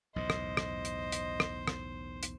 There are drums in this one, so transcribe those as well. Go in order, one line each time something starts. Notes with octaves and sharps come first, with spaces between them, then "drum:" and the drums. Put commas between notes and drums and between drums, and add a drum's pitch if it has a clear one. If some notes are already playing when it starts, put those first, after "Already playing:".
B1 E2 A2 C5 D#5
drum: rim click
drum: rim click
drum: hi-hat
drum: hi-hat
drum: rim click
drum: rim click
drum: hi-hat